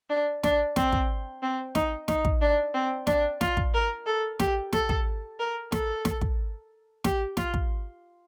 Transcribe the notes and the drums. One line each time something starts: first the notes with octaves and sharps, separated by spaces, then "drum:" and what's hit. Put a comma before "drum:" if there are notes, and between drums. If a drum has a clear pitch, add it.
D4
D4, drum: snare
C4, drum: snare
drum: kick
C4
D#4, drum: snare
D#4, drum: snare
drum: kick
D4
C4
D4, drum: snare
F4, drum: snare
drum: kick
A#4
A4
G4, drum: snare
A4, drum: snare
drum: kick
A#4
A4, drum: snare
drum: snare
drum: kick
G4, drum: snare
F4, drum: snare
drum: kick